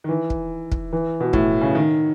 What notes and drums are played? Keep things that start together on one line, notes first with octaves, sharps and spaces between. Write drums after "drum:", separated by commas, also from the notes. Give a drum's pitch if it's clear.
D#3
E3
drum: kick
drum: kick
E3
B2
A2, drum: kick
C#3
D#3